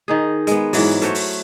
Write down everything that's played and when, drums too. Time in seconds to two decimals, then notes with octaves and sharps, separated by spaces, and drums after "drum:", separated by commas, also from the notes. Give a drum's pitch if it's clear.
0.08 D#3 D#4 G#4
0.47 G#3 B3, drum: hi-hat
0.73 G#2 E3 F#3, drum: open hi-hat
1.02 A3 F#4 C5 C#5, drum: hi-hat
1.15 drum: open hi-hat